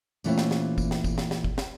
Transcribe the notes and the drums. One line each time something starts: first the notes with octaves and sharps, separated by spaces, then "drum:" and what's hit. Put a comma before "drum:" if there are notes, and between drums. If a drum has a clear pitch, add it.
A#2 E3 A3 C4 C#4 E4, drum: tambourine
drum: snare
drum: snare
drum: kick, tambourine
drum: snare
drum: kick, tambourine
drum: snare
drum: snare
drum: kick
drum: snare